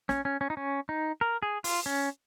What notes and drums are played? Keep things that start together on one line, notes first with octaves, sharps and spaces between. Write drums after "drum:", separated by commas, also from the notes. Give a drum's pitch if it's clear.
C#4, drum: snare
C#4
C#4
D#4
C#4
D#4
A#4
G#4
F4, drum: open hi-hat
C#4